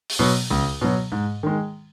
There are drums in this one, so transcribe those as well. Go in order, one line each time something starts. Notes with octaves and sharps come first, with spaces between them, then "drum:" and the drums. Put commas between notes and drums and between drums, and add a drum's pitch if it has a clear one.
drum: open hi-hat
B2 F#3
C#2
B2 F#3
G#2
D#3 G#3